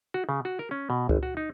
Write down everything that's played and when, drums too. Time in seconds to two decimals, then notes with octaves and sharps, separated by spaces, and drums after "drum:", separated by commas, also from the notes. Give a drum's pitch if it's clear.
0.14 F#4
0.29 C#3
0.45 F#4
0.59 A#4
0.71 C#4
0.90 B2
1.09 G#1, drum: kick C#2
1.23 F#4
1.37 D#4